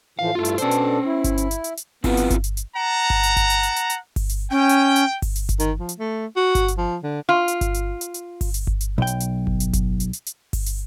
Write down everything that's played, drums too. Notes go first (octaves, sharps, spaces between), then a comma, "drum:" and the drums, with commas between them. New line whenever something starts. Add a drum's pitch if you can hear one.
A2 E3 F3 F5
G2 A3 E4 F4
drum: hi-hat
B2 C#4 D4 A4 C5, drum: hi-hat
drum: hi-hat
E4
drum: kick G1, hi-hat
drum: hi-hat
drum: hi-hat
drum: hi-hat
drum: hi-hat
B3 C4 E4 F4, drum: kick G1, open hi-hat
drum: hi-hat
drum: kick G1, hi-hat
drum: hi-hat
drum: hi-hat
F#5 A5 A#5
drum: kick G1
drum: hi-hat
drum: kick G1, hi-hat
drum: hi-hat
drum: hi-hat
drum: hi-hat
drum: hi-hat
drum: kick G1, open hi-hat
drum: hi-hat
C#4 G5
drum: hi-hat
drum: hi-hat
drum: kick G1, open hi-hat
drum: hi-hat
drum: kick G1, hi-hat
D#3, drum: hi-hat
F3
drum: hi-hat
A3
F#4
drum: kick G1, hi-hat
drum: hi-hat
F3
D3
F4
drum: hi-hat
drum: kick G1, hi-hat
drum: hi-hat
drum: hi-hat
drum: hi-hat
drum: kick G1, open hi-hat
drum: hi-hat
drum: kick G1
drum: hi-hat
B1 G5
drum: hi-hat
drum: hi-hat
drum: kick G1
drum: hi-hat
drum: kick G1, hi-hat
drum: hi-hat
drum: hi-hat
drum: hi-hat
drum: kick G1, open hi-hat
drum: hi-hat